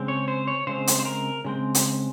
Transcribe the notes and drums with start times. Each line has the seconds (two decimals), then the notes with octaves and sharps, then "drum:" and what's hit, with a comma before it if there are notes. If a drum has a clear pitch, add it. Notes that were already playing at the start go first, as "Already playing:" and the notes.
Already playing: C#3 G#3 C4
0.08 C#5
0.28 C5
0.48 C#5
0.67 C#3 G#3 C4 C5
0.87 drum: hi-hat
1.00 C5
1.05 A#4
1.45 C#3 G#3 C4
1.75 drum: hi-hat